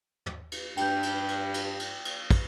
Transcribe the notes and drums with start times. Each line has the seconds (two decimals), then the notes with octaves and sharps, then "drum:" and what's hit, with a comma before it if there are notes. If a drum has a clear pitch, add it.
0.26 drum: tom
0.52 drum: cymbal
0.77 G2 G5 G6, drum: cymbal
1.03 drum: cymbal
1.28 drum: cymbal
1.54 drum: cymbal
1.79 drum: cymbal
2.05 drum: cymbal
2.31 drum: kick, cymbal